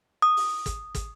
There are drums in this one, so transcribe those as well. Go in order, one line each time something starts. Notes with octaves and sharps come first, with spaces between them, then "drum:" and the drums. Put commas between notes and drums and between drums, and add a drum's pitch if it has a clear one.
D#6
drum: open hi-hat
drum: kick, hi-hat
drum: kick, hi-hat